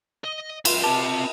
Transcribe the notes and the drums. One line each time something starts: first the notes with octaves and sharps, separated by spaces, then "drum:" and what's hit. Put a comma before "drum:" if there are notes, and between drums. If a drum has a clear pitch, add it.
D#5
F#2 C6, drum: cymbal
C4 G4 A5